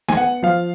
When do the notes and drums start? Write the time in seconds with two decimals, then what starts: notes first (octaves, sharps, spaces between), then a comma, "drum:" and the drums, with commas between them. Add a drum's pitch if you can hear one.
0.08 G#5, drum: snare
0.17 B3 F#5
0.42 F3 F5